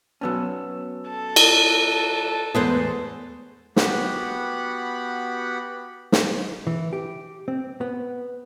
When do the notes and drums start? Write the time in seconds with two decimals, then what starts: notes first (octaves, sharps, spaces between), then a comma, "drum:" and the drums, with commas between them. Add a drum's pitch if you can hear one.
0.21 F#3 B3 C#4 A5 E6
1.10 A4
1.36 drum: cymbal
2.55 E2 G#3 A3 B3 G#4 B4 C5
3.76 B3 F#4 G4 F#5 B5, drum: snare
6.12 drum: snare
6.67 E3
6.93 G4
7.48 C4
7.81 B3